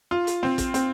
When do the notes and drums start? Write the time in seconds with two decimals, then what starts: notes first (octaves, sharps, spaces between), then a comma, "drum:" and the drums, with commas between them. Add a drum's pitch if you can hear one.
0.11 F4
0.27 drum: hi-hat
0.43 C4, drum: snare
0.58 drum: kick, hi-hat
0.74 C4, drum: hi-hat